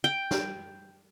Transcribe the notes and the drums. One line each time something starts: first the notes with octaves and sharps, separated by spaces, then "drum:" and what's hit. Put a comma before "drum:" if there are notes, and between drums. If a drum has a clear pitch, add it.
G5
drum: snare